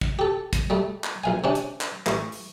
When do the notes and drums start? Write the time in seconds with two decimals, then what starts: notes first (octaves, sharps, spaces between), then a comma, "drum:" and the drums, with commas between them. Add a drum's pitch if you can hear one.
0.01 drum: kick
0.19 G4 A4
0.53 drum: kick, hi-hat
0.70 G3 A3
1.04 drum: clap
1.24 A#1 F5 G#5
1.44 C3 C#4 D4
1.55 drum: hi-hat
1.81 drum: clap
2.07 A1 C#6, drum: clap
2.32 drum: open hi-hat